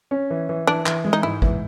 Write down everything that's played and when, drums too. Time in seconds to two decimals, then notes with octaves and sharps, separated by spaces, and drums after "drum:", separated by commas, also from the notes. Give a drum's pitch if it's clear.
0.11 C#4
0.30 E3
0.49 E3
0.67 E3 D4
0.86 E3, drum: clap
1.05 G#3
1.13 D#4
1.23 G#2 E4
1.42 E3, drum: kick G#1